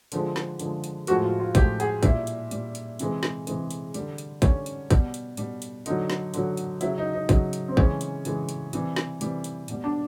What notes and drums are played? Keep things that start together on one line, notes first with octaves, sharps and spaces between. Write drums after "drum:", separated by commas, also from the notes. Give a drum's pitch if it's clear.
D3 F3 G#3, drum: hi-hat
drum: snare
D3 F3 G#3, drum: hi-hat
drum: hi-hat
A2 F3 G#3 F#4, drum: hi-hat
F4
F4
A2 F3 G#3 G4, drum: kick, hi-hat
G#4, drum: hi-hat
A#2 G3 E4, drum: kick, hi-hat
drum: hi-hat
A#2 G3, drum: hi-hat
drum: hi-hat
C3 E3 G#3, drum: hi-hat
drum: snare
C3 E3 G#3, drum: hi-hat
drum: hi-hat
D3 G3, drum: hi-hat
drum: hi-hat
D3 G3 C#4, drum: kick, hi-hat
drum: hi-hat
B2 G3, drum: kick, hi-hat
drum: hi-hat
B2 G3, drum: hi-hat
drum: hi-hat
D3 F#3 D#4, drum: hi-hat
drum: snare
D3 F#3, drum: hi-hat
drum: hi-hat
C#3 F#3 E4, drum: hi-hat
D#4
D#4
C#3 F#3, drum: kick, hi-hat
drum: hi-hat
C4
C#3 E3 G#3 C#4, drum: kick
drum: hi-hat
C#3 E3 G#3, drum: hi-hat
drum: hi-hat
C3 E3 G3, drum: hi-hat
drum: snare
C3 E3 G3, drum: hi-hat
drum: hi-hat
B2 G3, drum: hi-hat
D4